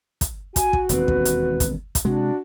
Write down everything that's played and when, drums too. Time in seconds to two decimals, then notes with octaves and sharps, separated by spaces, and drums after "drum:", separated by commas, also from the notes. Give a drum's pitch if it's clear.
0.21 drum: kick, hi-hat
0.56 F#4 G#5, drum: kick, hi-hat
0.73 drum: kick
0.89 E1 D#2 C4 B4, drum: hi-hat
1.08 drum: kick
1.25 drum: hi-hat
1.60 drum: kick, hi-hat
1.95 drum: kick, hi-hat
2.05 C3 G#3 D4 F#4